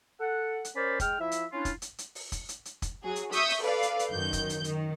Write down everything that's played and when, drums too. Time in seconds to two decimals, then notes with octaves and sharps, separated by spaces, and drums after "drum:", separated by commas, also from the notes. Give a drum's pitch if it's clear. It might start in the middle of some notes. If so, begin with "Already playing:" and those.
0.20 A4 F#5
0.65 drum: hi-hat
0.75 C#4 A#4 C5 D5 B5
1.00 G#3 G5 F6, drum: kick, hi-hat
1.20 F3 E4 E5
1.32 drum: hi-hat
1.52 C#4 D4 E4 F4
1.65 drum: kick, hi-hat
1.82 drum: hi-hat
1.98 drum: hi-hat
2.15 drum: open hi-hat
2.32 drum: kick, hi-hat
2.49 drum: hi-hat
2.65 drum: hi-hat
2.82 drum: kick, hi-hat
3.03 F#3 F#4 G#4
3.16 drum: hi-hat
3.32 E5 C#6 D#6 E6 G6 B6, drum: hi-hat
3.49 drum: open hi-hat
3.62 A4 B4 D5 F5
3.83 drum: hi-hat
3.99 drum: hi-hat
4.11 F#2 D#3 G6
4.33 drum: kick, hi-hat
4.50 drum: hi-hat
4.64 D#3, drum: hi-hat